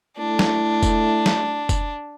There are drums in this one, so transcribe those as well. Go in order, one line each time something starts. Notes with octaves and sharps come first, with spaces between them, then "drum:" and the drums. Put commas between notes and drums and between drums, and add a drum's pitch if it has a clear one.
A3 D4 E4
drum: snare
drum: kick F1, tambourine
drum: snare
drum: kick F1, tambourine